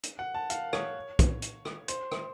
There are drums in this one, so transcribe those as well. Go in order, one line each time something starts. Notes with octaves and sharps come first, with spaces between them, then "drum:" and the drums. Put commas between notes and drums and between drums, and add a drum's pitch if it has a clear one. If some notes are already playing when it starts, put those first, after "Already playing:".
drum: hi-hat
F#5
A5
F5, drum: hi-hat
C#5, drum: rim click
drum: kick, hi-hat
drum: hi-hat
drum: rim click
C5, drum: hi-hat
drum: rim click